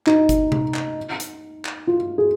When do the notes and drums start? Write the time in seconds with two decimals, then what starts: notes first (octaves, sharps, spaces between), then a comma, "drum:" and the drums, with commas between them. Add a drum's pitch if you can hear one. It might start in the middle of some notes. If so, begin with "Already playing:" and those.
0.07 D#4, drum: clap
0.29 drum: kick G1, hi-hat
0.52 drum: tom C3
0.75 drum: clap
1.20 drum: hi-hat
1.65 drum: clap
1.87 F4
2.18 G#4